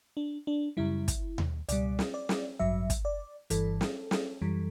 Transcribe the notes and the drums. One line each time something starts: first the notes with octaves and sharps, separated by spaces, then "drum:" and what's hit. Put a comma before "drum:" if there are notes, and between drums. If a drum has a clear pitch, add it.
D4
D4
F#2 C#3 G3 E4
drum: kick, hi-hat
drum: tom D#2
C#2 B2 G3 D5, drum: hi-hat
drum: snare
D5
drum: snare
A1 G2 F#3 E5
drum: kick, hi-hat
D5
G1 G2 E3 A4, drum: hi-hat
drum: snare
drum: snare
F#2 E3 G3